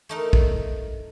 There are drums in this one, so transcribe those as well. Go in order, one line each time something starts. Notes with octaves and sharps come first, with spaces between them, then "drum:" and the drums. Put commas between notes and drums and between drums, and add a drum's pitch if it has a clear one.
A3 D#4 A#4
drum: kick